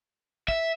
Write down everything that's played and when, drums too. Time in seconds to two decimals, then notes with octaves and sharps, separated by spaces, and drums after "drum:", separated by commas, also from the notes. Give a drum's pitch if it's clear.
0.48 E5, drum: kick